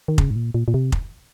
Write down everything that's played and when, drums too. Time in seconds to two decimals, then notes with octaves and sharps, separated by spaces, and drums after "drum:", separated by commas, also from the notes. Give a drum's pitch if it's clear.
0.08 D#3
0.18 C#3, drum: kick F1
0.30 G#2
0.36 A#2
0.54 A#2
0.68 A#2
0.74 C3
0.92 drum: kick F1